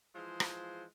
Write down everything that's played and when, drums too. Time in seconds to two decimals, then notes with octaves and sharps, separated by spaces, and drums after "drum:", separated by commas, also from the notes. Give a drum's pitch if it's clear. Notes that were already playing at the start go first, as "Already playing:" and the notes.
0.15 E3 F3 G#3 F4 G#4 C5
0.40 drum: rim click